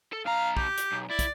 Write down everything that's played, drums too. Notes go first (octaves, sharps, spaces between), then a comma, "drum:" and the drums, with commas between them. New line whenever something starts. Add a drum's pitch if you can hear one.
A4
B1 F5 A#5
G4, drum: kick
drum: hi-hat
B1
E4 D5
drum: kick, hi-hat